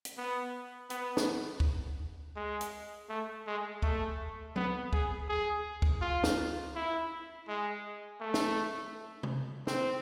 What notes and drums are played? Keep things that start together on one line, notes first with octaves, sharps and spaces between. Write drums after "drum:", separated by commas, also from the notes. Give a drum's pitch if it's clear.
drum: hi-hat
B3
B3, drum: hi-hat
drum: snare
drum: kick D2
G#3
drum: hi-hat
A3
G#3
A3, drum: kick D2
B3, drum: tom F#3
G#4, drum: kick D2
G#4
drum: kick D2
F4
drum: snare
E4
G#3
A3
drum: snare
drum: tom C3
C4, drum: snare